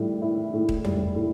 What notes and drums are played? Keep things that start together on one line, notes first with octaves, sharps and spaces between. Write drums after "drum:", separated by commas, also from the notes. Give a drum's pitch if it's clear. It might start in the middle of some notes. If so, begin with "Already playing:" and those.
Already playing: A2 G3
E4
A2
drum: kick D#1
G3, drum: tom F2
A2